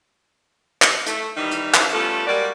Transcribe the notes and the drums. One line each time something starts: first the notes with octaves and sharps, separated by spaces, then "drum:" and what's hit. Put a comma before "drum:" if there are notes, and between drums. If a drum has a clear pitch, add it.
drum: clap
A3, drum: hi-hat
D#3 E3 G3 D#4
drum: hi-hat
F#2 E3 F#3 C5 F5, drum: clap
G3 A3 B3 C#4 F4 A4
G3 G#3 A#3 F#4 A#4 D5